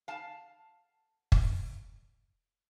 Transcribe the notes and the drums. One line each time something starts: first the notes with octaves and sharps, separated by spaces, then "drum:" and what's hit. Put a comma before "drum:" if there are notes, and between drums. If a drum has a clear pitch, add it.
F5 A5
drum: kick